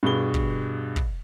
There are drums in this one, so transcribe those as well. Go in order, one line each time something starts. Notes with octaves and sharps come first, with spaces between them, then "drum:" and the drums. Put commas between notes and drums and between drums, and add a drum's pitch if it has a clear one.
G2 B2 G#4 G7
drum: kick
drum: kick